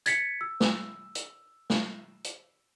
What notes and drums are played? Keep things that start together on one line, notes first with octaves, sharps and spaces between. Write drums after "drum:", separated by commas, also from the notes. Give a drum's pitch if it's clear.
G#6 A6 B6 C#7, drum: hi-hat
E6
drum: snare
drum: hi-hat
drum: snare
drum: hi-hat